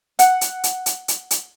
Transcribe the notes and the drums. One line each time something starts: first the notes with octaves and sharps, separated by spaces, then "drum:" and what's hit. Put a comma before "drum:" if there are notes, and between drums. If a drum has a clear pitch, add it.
F#5, drum: hi-hat
drum: hi-hat
drum: hi-hat
drum: hi-hat
drum: hi-hat
drum: hi-hat